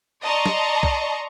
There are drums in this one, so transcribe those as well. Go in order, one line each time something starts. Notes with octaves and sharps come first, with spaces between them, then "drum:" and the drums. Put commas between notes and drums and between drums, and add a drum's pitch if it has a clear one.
D5 D#5 A5 A#5 C6 C#6
drum: snare
drum: kick